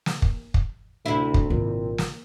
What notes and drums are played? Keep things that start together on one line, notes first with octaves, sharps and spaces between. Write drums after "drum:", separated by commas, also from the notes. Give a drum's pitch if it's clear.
drum: snare
drum: kick
drum: kick
D2 C3 E4
drum: kick
G#1 A#2 D#3
drum: snare